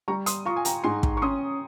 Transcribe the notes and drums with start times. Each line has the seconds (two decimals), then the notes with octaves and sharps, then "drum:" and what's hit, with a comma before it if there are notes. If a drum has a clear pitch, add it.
0.08 G3 A#5 C#6
0.26 C6 D#6, drum: hi-hat
0.45 F4 A#5 C#6
0.56 G#5
0.65 G5 A#5, drum: hi-hat
0.84 G#2 G#5 C6
1.03 drum: kick
1.17 C#6
1.22 C#4 C6 D#6